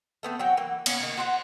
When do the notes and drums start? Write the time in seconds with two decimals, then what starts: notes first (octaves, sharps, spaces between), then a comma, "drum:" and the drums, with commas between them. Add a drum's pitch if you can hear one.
0.23 A3 B3 C4
0.39 F#3 F#4 G5
0.57 E3 A#3
0.86 B3 C#4 C#5 F5, drum: cymbal
1.00 D#3 A#3
1.17 F#4 C5 F#5